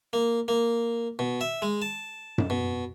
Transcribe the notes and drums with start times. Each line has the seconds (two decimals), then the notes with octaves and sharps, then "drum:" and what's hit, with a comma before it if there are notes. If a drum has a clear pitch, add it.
0.13 A#3
0.48 A#3
1.19 B2
1.41 E5
1.62 G#3
1.82 A5
2.38 drum: tom F#2
2.50 B2